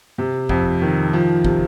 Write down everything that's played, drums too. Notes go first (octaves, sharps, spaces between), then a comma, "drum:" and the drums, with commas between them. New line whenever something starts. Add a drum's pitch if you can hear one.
C3
F2, drum: kick
D#3
F3
C3, drum: kick